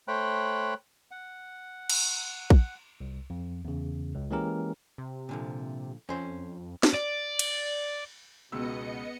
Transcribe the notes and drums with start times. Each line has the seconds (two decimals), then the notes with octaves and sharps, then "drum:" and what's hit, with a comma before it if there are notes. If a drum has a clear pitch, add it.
0.08 A3 C5 C#5 G5 B5 F#6
1.11 F#5
1.90 drum: cymbal
2.50 drum: kick
3.01 C2
3.30 F2
3.65 E2 C#3
4.15 C#2
4.31 E3 G#3 A#3 C#4 G4 A#4
4.98 C3
5.29 A#2 D3 F3
6.09 F2 C#4 C5
6.83 drum: snare
6.94 D5
7.39 drum: cymbal
8.52 C#2 B2 B3 D#5 E6 C#7